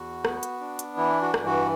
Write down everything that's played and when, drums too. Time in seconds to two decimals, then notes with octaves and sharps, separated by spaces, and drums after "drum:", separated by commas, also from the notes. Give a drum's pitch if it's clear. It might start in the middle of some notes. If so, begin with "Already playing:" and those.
Already playing: E2 F#4
0.25 B3, drum: rim click
0.43 drum: hi-hat
0.60 D4
0.79 drum: hi-hat
0.97 E3 E4
1.22 F#4
1.34 G2, drum: rim click
1.46 F#4